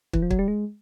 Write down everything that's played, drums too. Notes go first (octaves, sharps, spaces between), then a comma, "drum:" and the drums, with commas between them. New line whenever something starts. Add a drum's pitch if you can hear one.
E3, drum: kick
F3
F#3, drum: kick
G3
G#3